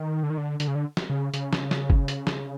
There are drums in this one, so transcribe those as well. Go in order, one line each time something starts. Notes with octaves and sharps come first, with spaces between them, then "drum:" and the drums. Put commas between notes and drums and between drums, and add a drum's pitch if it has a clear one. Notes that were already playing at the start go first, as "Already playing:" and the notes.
Already playing: D#3
D3
D#3
D3
D3, drum: hi-hat
C#3
D3
drum: snare
C#3
C#3, drum: hi-hat
drum: snare
drum: snare
drum: kick G1
drum: hi-hat
drum: snare